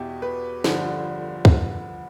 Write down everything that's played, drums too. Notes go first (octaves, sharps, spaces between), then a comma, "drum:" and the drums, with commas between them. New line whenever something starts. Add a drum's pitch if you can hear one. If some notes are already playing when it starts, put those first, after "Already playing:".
Already playing: E2 B2 E4 G4
B4
G1 G2 D3 F3 C5, drum: snare
drum: kick